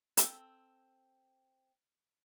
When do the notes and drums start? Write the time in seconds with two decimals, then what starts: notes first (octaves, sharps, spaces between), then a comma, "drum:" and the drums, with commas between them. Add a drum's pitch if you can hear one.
0.17 C4 A4, drum: hi-hat